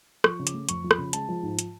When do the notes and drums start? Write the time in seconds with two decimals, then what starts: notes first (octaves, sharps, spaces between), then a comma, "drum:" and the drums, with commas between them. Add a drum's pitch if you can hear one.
0.24 F3 C#6, drum: rim click
0.39 C#3
0.47 D6, drum: hi-hat
0.54 A3
0.69 F2 C#6, drum: hi-hat
0.84 F3
0.91 B5, drum: rim click
0.98 C#3
1.13 G#3 A5, drum: hi-hat
1.29 F3
1.43 G#2
1.59 drum: hi-hat